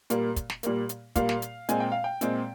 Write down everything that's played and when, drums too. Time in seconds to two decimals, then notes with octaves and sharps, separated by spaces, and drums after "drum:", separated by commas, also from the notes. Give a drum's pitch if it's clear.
0.10 A#2 G3 A#3, drum: hi-hat
0.36 drum: kick, hi-hat
0.50 drum: snare
0.63 A#2 G3 A#3, drum: hi-hat
0.89 drum: hi-hat
1.16 A#2 G3 A#3 F5, drum: kick, hi-hat
1.29 drum: snare
1.42 drum: hi-hat
1.69 A#2 G#3 C4 G#5, drum: hi-hat
1.80 G5
1.92 F5
2.04 G5
2.21 A#2 G#3 C4, drum: hi-hat